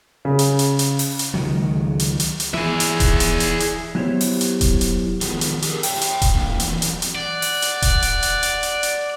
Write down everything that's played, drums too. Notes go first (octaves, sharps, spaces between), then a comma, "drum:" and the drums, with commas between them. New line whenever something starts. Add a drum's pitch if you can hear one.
C#3
drum: hi-hat
drum: hi-hat
drum: hi-hat
drum: open hi-hat
drum: hi-hat
C#2 D#3 F#3
drum: hi-hat
drum: hi-hat
drum: hi-hat
E3 G#4 E5
drum: hi-hat
drum: kick D#1, hi-hat
drum: hi-hat
drum: hi-hat
drum: hi-hat
F#3 B3 E4 G4 C5 C#5
drum: open hi-hat
drum: hi-hat
drum: kick D#1, hi-hat
drum: hi-hat
D#3 F3 G#3 B3, drum: hi-hat
drum: hi-hat
G4 G#4 A#4, drum: hi-hat
C#5 E5 G5, drum: open hi-hat
drum: hi-hat
drum: kick D#1, hi-hat
A2 D3 A#3
E3 F#3 C4, drum: hi-hat
drum: hi-hat
drum: hi-hat
D5 F#5
drum: open hi-hat
drum: hi-hat
drum: kick D#1, hi-hat
drum: hi-hat
drum: hi-hat
drum: hi-hat
drum: hi-hat
drum: hi-hat